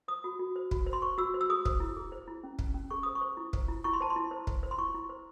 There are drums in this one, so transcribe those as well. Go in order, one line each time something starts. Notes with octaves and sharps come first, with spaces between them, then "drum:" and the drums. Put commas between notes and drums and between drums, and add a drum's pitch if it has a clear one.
C5 D#6
F#4
F#4
C5
F#4, drum: kick
C5
C6
C5 C#6
F#4 E6
C5
E6
G#4 D#6
C5, drum: kick
E4
G#4
C5
E4
C#4
C#4, drum: kick
C#4
G#4 C#6
C5 D#6
C#6
C5
E4
C5, drum: kick
E4
E4 C#6
C6
C5 A5
C6
E4
C5
C5, drum: kick
C5
C6
E4 C#6
E4
C5